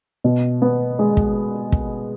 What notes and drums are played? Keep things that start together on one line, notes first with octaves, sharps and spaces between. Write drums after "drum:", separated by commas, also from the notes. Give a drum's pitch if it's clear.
B2
B3
G#3
drum: kick
drum: kick